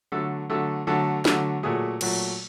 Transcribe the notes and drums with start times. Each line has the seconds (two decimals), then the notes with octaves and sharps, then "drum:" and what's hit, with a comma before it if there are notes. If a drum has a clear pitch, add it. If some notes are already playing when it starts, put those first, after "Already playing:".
0.12 D3 F#3 A3 A4
0.50 D3 F#3 A3 A4
0.87 D3 F#3 A3 A4
1.25 D3 F#3 A3, drum: snare
1.63 A#2 F#3 A3 G#4
2.01 A#2 F#3 A3, drum: cymbal